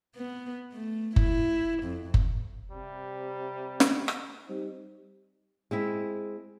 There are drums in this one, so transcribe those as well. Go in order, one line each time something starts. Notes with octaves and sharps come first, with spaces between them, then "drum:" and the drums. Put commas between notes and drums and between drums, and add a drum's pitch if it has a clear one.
B3
A3
E4, drum: kick F#1
F2
drum: kick F#1
C3 G3
drum: snare
drum: rim click
G3 C4 D#4
G#3 C4 E4